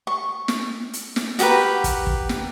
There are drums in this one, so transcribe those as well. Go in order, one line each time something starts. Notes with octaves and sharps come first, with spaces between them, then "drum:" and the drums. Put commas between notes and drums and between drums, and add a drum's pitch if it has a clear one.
C#6
drum: snare
drum: hi-hat
drum: snare
F#4 G4 A#4 B4, drum: hi-hat
drum: kick, hi-hat
drum: kick
drum: snare